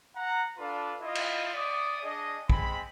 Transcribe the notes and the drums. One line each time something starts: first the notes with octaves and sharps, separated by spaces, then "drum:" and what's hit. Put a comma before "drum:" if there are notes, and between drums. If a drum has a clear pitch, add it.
F#5 A#5
D4 F4 A4 B4 F5
E4 F4 D#5
drum: cymbal
D5 D#6
D4 G#4 D#5
G#3 C4 G#5 B5, drum: kick